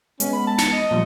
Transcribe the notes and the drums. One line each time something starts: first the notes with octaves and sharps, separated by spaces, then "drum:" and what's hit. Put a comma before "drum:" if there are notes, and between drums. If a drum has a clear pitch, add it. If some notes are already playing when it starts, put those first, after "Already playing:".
G#3 B3 C#4, drum: hi-hat
B5
A5
C#7, drum: snare
D#5
A#2 F3 G3